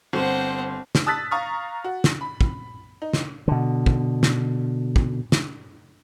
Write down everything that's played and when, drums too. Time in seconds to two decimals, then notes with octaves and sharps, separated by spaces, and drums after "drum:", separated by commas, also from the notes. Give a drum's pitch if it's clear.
0.13 G1 C4 C5 F#5
0.95 drum: snare
1.06 A5 D#6 E6 F#6 A6 B6
1.31 F5 A#5 C#6 D#6 F6
1.84 F#4
2.04 drum: snare
2.21 B5
2.41 drum: kick
3.02 D#4
3.13 drum: snare
3.48 B2 D3
3.86 drum: kick
4.23 drum: snare
4.96 drum: kick
5.32 drum: snare